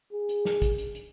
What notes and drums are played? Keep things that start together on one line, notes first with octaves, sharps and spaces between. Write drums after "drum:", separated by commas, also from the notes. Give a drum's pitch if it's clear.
G#4
drum: hi-hat
drum: snare
drum: kick, hi-hat
drum: hi-hat
drum: hi-hat